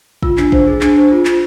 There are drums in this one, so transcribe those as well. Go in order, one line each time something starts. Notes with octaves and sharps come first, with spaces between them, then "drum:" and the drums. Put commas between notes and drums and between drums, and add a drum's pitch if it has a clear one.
F4 E6, drum: kick
D4, drum: clap
C5, drum: kick
G#4
D4, drum: clap
C5
F4
F4, drum: clap